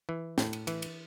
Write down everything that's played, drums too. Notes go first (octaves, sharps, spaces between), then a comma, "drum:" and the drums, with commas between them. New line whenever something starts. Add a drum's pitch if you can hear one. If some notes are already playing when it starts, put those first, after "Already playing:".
E3
A2, drum: snare
drum: cymbal
E3, drum: cymbal
drum: cymbal